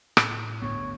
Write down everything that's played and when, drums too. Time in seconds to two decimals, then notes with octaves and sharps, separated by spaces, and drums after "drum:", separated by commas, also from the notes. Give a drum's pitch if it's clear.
0.17 A2, drum: rim click
0.62 G1 D2 B3 C#5